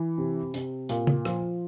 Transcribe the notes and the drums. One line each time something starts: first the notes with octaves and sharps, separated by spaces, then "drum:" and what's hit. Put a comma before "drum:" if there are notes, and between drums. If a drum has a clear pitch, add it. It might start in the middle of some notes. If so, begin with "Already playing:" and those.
Already playing: E3
C3
C3, drum: hi-hat
A#2, drum: hi-hat
drum: tom C#3
F3, drum: rim click